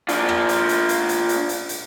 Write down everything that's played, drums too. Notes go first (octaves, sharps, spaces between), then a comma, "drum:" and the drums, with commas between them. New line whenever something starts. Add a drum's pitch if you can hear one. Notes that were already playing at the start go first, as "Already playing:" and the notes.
D4 F4, drum: hi-hat
drum: rim click
drum: hi-hat
drum: hi-hat
drum: hi-hat
drum: hi-hat
drum: hi-hat
drum: hi-hat
drum: hi-hat